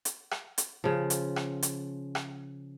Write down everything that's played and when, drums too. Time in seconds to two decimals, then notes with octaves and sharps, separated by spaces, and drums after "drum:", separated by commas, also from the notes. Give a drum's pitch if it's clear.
0.05 drum: hi-hat
0.31 drum: rim click
0.58 drum: hi-hat
0.84 C#3 F3
1.10 drum: hi-hat
1.36 drum: rim click
1.63 drum: hi-hat
2.15 drum: rim click